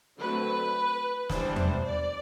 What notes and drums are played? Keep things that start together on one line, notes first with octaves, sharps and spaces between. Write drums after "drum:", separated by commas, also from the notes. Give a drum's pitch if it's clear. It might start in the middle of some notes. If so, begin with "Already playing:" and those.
D3 F#3 A3 C4 B4
E3 G3 B3 D4 C5, drum: snare
drum: tom E2
D5